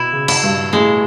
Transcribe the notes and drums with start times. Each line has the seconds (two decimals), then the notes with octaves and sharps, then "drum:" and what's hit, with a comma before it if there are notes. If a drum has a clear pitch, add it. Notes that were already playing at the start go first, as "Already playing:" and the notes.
Already playing: B2 E4
0.13 C#3
0.28 E4, drum: cymbal
0.43 G2
0.73 A2 G#3